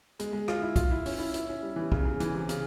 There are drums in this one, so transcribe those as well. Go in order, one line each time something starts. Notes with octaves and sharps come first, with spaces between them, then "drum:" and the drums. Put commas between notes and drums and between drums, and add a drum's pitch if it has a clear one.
G#3, drum: hi-hat
G#3
F4, drum: rim click
E4
F4, drum: kick B1, hi-hat
E4
C#4, drum: open hi-hat
E4
E4, drum: hi-hat
C#4
G3
E3
C#3, drum: kick B1
C#3
E3, drum: hi-hat
C3
C#3, drum: hi-hat